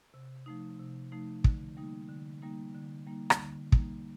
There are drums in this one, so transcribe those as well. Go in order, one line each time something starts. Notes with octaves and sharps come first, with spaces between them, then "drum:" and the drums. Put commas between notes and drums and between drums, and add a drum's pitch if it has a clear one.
C3
F3 A3 D#4
C3
F3 A3 D#4
D3, drum: kick
G3 A#3 D#4
D3
G3 A#3 D#4
D3
G3 A#3 D#4
drum: rim click
D3
G3 A#3 D#4, drum: kick